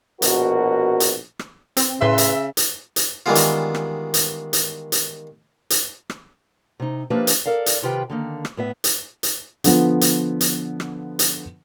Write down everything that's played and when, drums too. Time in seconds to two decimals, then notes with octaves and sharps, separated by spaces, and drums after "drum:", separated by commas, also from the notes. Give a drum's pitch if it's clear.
0.22 A#1 B2 F#4 A#4, drum: hi-hat
1.00 drum: hi-hat
1.39 drum: rim click
1.77 C4, drum: hi-hat
2.01 A2 C#3 B4 E5 C6
2.18 drum: hi-hat
2.57 drum: hi-hat
2.96 drum: hi-hat
3.26 D#3 E3 G3 G#3 B3 F4
3.35 drum: hi-hat
3.74 drum: rim click
4.14 drum: hi-hat
4.53 drum: hi-hat
4.92 drum: hi-hat
5.70 drum: hi-hat
6.10 drum: rim click
6.80 C3 D#4
7.10 F3 A#3 D4 G4 B4 E5
7.27 drum: hi-hat
7.46 A4 A#4 D5 F5
7.66 drum: hi-hat
7.82 C3 D#3 F4 G4 B4 G5
8.10 D3 D#3 A#3
8.45 drum: rim click
8.57 A2 B3 E5
8.84 drum: hi-hat
9.23 drum: hi-hat
9.64 D3 F3 B3, drum: hi-hat
10.01 drum: hi-hat
10.41 drum: hi-hat
10.80 drum: rim click
11.19 drum: hi-hat